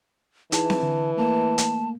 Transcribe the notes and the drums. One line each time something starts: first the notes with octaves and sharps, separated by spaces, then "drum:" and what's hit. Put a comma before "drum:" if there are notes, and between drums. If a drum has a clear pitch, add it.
E3 D#4 E4 G#4 A5, drum: hi-hat
drum: snare C4
D3
A3 A#3 A5
drum: hi-hat